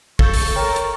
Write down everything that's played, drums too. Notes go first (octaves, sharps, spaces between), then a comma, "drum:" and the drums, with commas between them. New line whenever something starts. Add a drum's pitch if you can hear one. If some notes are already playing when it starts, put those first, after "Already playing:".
A4 F5 C#6 G6, drum: kick
drum: open hi-hat
A#4 C#5 G5
drum: hi-hat